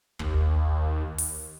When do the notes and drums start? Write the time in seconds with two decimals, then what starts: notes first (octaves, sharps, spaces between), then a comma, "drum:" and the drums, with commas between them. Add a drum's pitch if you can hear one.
0.19 D#2, drum: kick
1.18 drum: open hi-hat